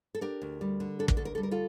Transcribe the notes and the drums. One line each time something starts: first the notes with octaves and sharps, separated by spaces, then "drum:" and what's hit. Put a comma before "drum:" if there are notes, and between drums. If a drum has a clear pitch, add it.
A4
D4 G4 A#4
D2
G3
D3
D4 A4
A#4, drum: kick
D2 A4
A#4
G3 A4
A#4
F4 A4